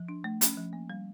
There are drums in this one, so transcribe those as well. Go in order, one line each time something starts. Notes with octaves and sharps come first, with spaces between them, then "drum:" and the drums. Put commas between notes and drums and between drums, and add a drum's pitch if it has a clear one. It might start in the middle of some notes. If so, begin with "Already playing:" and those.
Already playing: F3
D4
A3
C#4, drum: hi-hat
F3
A#3
G3